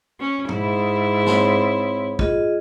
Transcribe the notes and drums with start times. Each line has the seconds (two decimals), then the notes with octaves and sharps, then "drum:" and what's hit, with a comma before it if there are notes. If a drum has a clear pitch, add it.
0.20 C#4
0.49 G#2 E4, drum: tom
1.26 C4 C#5 C6, drum: snare
2.19 F4 G#4 D#5, drum: kick